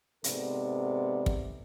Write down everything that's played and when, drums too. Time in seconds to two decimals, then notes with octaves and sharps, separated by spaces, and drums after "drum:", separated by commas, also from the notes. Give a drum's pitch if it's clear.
0.24 G#2 C3 B3 A4 D5, drum: hi-hat
1.26 drum: kick